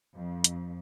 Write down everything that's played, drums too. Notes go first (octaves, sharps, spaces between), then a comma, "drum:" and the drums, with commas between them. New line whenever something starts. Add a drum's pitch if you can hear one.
F2
drum: hi-hat